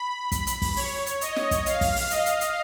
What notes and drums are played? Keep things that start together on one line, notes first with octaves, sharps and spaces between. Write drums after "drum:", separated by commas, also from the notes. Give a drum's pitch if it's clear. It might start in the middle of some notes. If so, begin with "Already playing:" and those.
Already playing: B5
B5, drum: kick, hi-hat
drum: hi-hat
drum: kick, open hi-hat
C#5, drum: open hi-hat
drum: hi-hat
D#5, drum: hi-hat
drum: snare
drum: kick, hi-hat
F5, drum: hi-hat
drum: kick, open hi-hat
drum: open hi-hat
D#5, drum: hi-hat
drum: hi-hat
drum: hi-hat